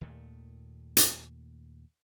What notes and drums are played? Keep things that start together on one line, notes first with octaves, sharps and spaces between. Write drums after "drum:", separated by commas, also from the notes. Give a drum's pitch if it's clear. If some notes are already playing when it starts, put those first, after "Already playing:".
D#2 A#2 D#3 A3
drum: hi-hat